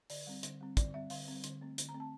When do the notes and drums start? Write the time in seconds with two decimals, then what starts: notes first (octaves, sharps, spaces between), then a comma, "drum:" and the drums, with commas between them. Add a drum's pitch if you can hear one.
0.10 D3 D5, drum: open hi-hat
0.27 G3 C4
0.43 D3, drum: hi-hat
0.60 G3 C4
0.77 D3 D5, drum: kick, hi-hat
0.94 G3 C4 E5
1.10 D3 F5, drum: open hi-hat
1.28 G3 C4
1.44 D3, drum: hi-hat
1.61 A3 C4
1.78 D3, drum: hi-hat
1.89 A#5
1.94 A3 C4
2.00 A5